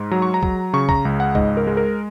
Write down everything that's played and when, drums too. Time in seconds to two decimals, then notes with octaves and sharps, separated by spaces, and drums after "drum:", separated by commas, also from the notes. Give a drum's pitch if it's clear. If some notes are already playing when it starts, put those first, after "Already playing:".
Already playing: G#2 G#3
0.11 F#3 A#5
0.22 C#6
0.34 A#5
0.43 F#3, drum: kick
0.73 C#3 C#6
0.89 A#5, drum: kick
1.05 C#2
1.20 F#5
1.35 G#2 D#5, drum: kick
1.57 A#4
1.67 G#3
1.77 A#4